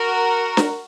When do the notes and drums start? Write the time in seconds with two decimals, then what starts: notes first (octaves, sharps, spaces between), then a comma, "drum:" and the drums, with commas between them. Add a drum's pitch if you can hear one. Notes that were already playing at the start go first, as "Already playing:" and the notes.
Already playing: F#4 A#4
0.57 drum: snare